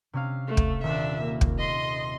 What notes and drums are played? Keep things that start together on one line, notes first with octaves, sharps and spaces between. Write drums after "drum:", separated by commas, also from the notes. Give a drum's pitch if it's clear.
C3 C#4 F5
A3
drum: kick
D#1 D4 E5
A#3
drum: kick
D#5 C6